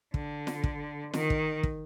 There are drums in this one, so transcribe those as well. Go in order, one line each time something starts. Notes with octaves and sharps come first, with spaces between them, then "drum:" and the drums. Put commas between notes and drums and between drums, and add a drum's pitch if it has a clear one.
D3, drum: kick
drum: snare
drum: kick
D#3, drum: snare
drum: kick
drum: kick